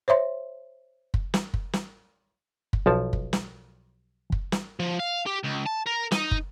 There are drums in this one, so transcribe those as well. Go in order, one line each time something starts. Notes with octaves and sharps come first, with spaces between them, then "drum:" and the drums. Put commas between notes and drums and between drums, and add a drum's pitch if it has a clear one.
C5 C#5 E5 C6
drum: kick
drum: snare
drum: kick
drum: snare
drum: kick
B1 F3 A5
drum: kick
drum: snare
drum: kick
drum: snare
F3
F5
G4
C#2
A5
A#4
D#4, drum: snare
drum: kick